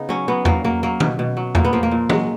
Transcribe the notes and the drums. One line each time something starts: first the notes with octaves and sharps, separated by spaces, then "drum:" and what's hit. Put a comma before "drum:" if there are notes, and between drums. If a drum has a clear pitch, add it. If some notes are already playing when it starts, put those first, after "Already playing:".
Already playing: C#3 B3 D#4
F#3 C#4
F#3 B3
F#3 A#3, drum: tom E2
F#3 A#3
F#3 A#3
B2, drum: tom
B2
F#3
A#2 A#3, drum: tom E2
B3
F3 A#3
A#3
A#2
F#3 G#3, drum: tom